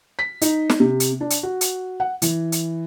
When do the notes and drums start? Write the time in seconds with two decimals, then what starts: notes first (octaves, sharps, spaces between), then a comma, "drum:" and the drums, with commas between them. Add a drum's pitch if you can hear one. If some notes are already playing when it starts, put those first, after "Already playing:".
0.19 B6
0.41 D#4, drum: hi-hat
0.69 drum: snare
0.80 C3
1.00 drum: hi-hat
1.21 D4
1.30 drum: hi-hat
1.43 F#4
1.61 drum: hi-hat
2.00 F#5
2.22 E3, drum: hi-hat
2.52 drum: hi-hat